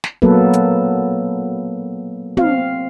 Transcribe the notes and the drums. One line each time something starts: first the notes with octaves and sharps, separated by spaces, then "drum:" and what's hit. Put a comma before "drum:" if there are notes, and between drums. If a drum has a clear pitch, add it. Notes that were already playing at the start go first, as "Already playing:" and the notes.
drum: snare
F#3 A#3 B3 A4 B4, drum: kick
drum: hi-hat
C4 F5, drum: tom